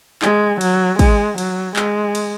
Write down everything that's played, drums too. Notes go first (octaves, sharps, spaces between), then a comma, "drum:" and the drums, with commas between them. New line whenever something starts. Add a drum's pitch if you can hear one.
G#3, drum: clap
F#3, drum: cymbal
G#3, drum: kick, cymbal
F#3, drum: cymbal
G#3, drum: clap
drum: cymbal